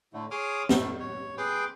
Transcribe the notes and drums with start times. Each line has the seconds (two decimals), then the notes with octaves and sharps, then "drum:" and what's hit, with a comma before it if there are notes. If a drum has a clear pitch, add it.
0.13 A2 D3 A3
0.31 G#4 C#5 C6 D6 D#6 F6
0.69 A2 A3, drum: snare
1.00 C#5
1.38 G#4 B4 G5 C6 D6